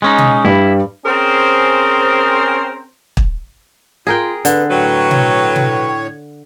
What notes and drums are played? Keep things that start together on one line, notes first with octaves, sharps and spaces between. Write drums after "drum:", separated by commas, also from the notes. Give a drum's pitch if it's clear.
G#3 C#4 D#4
drum: tom B2
G2 G3 E4
C4 C#4 G#4 A#4 C5
drum: kick
F4 G#4 A#4 G5
D3 B4, drum: hi-hat
A2 F#3 B4 C#5 G5
drum: tom B2
drum: tom B2